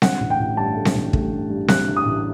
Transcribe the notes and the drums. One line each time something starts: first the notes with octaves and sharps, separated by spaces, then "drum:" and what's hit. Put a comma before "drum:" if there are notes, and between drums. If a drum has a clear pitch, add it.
D3 F#5, drum: snare C4
A1
G5
A1
G2 A5
A3
drum: snare C4
A1
A3, drum: kick
G2
G2
D3 F#6, drum: snare C4
D3
D#6
A1